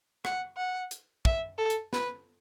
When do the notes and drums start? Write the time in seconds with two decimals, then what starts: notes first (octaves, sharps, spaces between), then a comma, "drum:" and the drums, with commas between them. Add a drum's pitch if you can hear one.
0.25 F#5, drum: rim click
0.57 F#5
0.91 drum: hi-hat
1.25 E5, drum: kick
1.58 A4
1.70 drum: hi-hat
1.93 B4, drum: snare